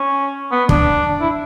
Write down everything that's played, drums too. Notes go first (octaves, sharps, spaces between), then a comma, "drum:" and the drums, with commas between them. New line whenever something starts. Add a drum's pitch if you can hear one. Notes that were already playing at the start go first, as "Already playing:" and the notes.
Already playing: C#4
B3
D4, drum: kick
E4